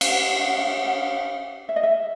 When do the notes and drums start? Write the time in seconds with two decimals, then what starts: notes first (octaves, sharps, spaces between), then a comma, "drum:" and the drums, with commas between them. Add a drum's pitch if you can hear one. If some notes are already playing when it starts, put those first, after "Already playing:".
0.01 F5, drum: cymbal
0.11 F#5
0.20 F5
0.30 F#5
0.40 F5
0.48 F#5
0.58 F5
0.67 F#5
0.77 F5
0.86 F#5
0.96 F5
1.69 E5
1.76 D#5
1.83 E5